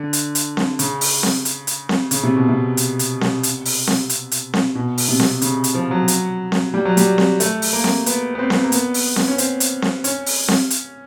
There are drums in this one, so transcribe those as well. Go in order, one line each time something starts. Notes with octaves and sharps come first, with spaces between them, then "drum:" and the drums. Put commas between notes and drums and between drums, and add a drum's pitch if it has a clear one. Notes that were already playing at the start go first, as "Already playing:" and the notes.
Already playing: D3
drum: hi-hat
drum: hi-hat
drum: snare C4
C#3, drum: hi-hat
drum: open hi-hat
drum: snare C4
drum: hi-hat
drum: hi-hat
drum: snare C4
C#3, drum: hi-hat
C3
B2
C3
drum: hi-hat
drum: hi-hat
drum: snare C4
drum: hi-hat
drum: open hi-hat
drum: snare C4
drum: hi-hat
drum: hi-hat
drum: snare C4
B2
drum: open hi-hat
C3
drum: snare C4
C#3, drum: hi-hat
drum: hi-hat
F3
F#3
drum: hi-hat
drum: snare C4
G3
F#3
G3, drum: hi-hat
drum: snare C4
A3, drum: hi-hat
drum: open hi-hat
A#3
drum: snare C4
B3, drum: hi-hat
B3
C4
drum: snare C4
A#3
B3, drum: hi-hat
drum: open hi-hat
drum: snare C4
C#4
C4, drum: hi-hat
drum: hi-hat
drum: snare C4
C#4, drum: hi-hat
drum: open hi-hat
drum: snare C4
drum: hi-hat